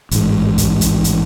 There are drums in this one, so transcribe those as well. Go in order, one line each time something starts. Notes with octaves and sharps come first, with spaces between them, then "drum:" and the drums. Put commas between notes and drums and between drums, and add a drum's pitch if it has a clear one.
A1 G#2, drum: hi-hat
drum: kick, hi-hat
drum: kick, hi-hat
drum: hi-hat